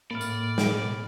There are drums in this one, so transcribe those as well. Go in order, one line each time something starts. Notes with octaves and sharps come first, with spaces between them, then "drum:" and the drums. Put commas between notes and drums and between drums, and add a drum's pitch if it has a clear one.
A2 A#3 D5 B5 F6
drum: tambourine
B2, drum: snare